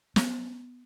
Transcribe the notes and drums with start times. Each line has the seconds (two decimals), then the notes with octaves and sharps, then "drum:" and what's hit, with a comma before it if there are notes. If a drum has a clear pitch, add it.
0.16 B3, drum: snare